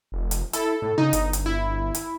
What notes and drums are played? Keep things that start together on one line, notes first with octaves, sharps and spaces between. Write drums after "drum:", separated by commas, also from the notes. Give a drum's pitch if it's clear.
F1
drum: hi-hat
E4 A4, drum: hi-hat
A2
C#3 D#4
G1, drum: hi-hat
drum: hi-hat
E4
drum: hi-hat